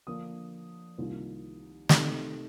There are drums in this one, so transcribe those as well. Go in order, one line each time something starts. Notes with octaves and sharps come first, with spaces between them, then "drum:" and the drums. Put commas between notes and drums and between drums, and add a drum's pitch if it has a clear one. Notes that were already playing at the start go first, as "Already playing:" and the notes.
D3 F3 A#3 D4 D#6
C2 C3 D#3 A#3 F4
C3 D#3 A3 C4 D#4, drum: snare